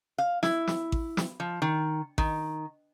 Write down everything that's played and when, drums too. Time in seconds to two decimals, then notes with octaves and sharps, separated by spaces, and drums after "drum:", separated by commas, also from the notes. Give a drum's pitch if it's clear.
0.18 F5
0.43 E4, drum: snare
0.67 drum: snare
0.92 drum: kick A1
1.17 drum: snare
1.40 F3
1.62 D#3
2.18 D#3, drum: kick A1